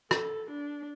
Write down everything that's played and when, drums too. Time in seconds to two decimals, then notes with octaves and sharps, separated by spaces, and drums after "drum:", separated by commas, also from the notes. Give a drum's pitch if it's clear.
0.11 A4, drum: rim click
0.50 D4